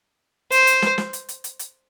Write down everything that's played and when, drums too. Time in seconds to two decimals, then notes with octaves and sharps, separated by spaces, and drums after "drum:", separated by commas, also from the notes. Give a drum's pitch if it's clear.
0.52 C5, drum: hi-hat
0.67 drum: hi-hat
0.82 drum: snare
0.98 drum: snare
1.13 drum: hi-hat
1.29 drum: hi-hat
1.44 drum: hi-hat
1.59 drum: hi-hat